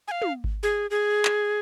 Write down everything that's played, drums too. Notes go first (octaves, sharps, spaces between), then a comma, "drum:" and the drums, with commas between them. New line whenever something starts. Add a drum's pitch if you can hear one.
G#5
F5
drum: tom
drum: kick G#1
G#4
G#4
drum: clap